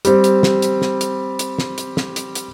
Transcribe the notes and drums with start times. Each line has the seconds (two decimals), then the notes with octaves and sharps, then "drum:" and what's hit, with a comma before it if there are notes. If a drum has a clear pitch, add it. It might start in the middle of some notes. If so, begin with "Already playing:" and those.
0.05 G3 C4, drum: hi-hat
0.24 drum: hi-hat
0.43 drum: snare
0.62 drum: hi-hat
0.82 drum: snare
1.01 drum: hi-hat
1.39 drum: hi-hat
1.59 drum: snare
1.78 drum: hi-hat
1.97 drum: snare
2.16 drum: hi-hat
2.35 drum: hi-hat